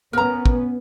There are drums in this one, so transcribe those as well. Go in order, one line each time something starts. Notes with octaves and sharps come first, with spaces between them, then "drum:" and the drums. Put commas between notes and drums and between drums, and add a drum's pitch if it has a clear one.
B3 C#4 A#4 A#5
drum: kick